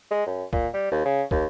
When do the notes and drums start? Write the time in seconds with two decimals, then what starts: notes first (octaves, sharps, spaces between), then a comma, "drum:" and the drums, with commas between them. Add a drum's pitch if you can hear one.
0.11 G#3
0.26 F#2
0.53 A#2, drum: kick
0.74 G3
0.92 D#2
1.05 C#3
1.31 D#2, drum: kick